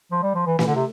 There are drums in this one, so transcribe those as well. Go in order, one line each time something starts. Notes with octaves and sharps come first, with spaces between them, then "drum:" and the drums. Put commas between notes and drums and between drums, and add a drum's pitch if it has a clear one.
F3
G3
F3
E3
E3, drum: snare
D3
C3